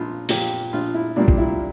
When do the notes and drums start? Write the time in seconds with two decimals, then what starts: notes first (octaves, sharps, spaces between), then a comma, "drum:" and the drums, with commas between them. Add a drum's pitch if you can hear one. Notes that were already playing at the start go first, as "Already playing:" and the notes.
Already playing: A#1 F4
0.29 A#2 F3 G4, drum: open hi-hat
0.73 A#1 F4
0.94 E4
1.16 A#2 G3 A#3 D4
1.28 drum: kick A#1
1.38 E4